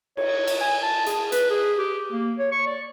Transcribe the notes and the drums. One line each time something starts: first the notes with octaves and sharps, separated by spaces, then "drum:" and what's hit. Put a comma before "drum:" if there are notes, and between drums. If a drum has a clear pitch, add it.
C#5, drum: cymbal
drum: cymbal
G#5
A5
G#4, drum: hi-hat
B4, drum: hi-hat
G#4
G4
A#3
C#5
C#6
D5